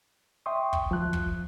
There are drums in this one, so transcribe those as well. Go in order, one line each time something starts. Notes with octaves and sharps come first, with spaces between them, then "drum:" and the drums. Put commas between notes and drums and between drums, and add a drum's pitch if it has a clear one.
E5 G5 C6 C#6 D#6
drum: kick
F3 F#6
drum: kick